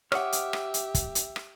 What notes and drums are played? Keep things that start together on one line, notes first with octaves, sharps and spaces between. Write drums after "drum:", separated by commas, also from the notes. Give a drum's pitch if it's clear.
G4 C#5 E5 F#5 D6 D#6 F6, drum: rim click
drum: hi-hat
drum: rim click
drum: hi-hat
drum: kick, hi-hat
drum: hi-hat
drum: rim click